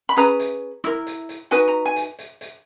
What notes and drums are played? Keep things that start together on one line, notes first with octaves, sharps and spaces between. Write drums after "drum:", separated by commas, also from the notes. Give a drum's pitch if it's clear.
B5
C#4 G#4 B4 A#5, drum: hi-hat
drum: hi-hat
E4 A#4, drum: rim click
drum: hi-hat
drum: hi-hat
D#4 F#4 B4 G#5, drum: hi-hat
A#5
G#5
drum: hi-hat
drum: hi-hat
drum: hi-hat